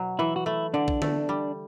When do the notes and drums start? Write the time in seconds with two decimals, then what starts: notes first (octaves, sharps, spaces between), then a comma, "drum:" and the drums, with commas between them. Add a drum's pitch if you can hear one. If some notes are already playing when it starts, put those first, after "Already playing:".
Already playing: B2 F#3
0.19 E3 E4
0.36 F#4
0.46 A3 E4
0.74 D3 D4
0.88 drum: kick A#1
1.02 A3, drum: tom
1.29 G3